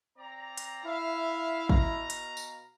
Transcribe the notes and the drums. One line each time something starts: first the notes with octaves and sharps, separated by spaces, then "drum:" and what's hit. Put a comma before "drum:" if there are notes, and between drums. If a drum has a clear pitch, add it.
C4 D5 A#5
drum: hi-hat
E4 E5 F5
B2 F5 A#5, drum: kick
drum: hi-hat
drum: tambourine